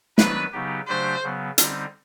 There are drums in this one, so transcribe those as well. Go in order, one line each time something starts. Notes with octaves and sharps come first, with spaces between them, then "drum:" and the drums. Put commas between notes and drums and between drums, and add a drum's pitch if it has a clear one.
D#3 F#3 B3 D4 B4, drum: snare
C#3 F#3 B3 D#4 G4
C#3 F#3 A3 D4 G4 C5
C#3 F#3 B3
D3 G3 C4 D#4, drum: hi-hat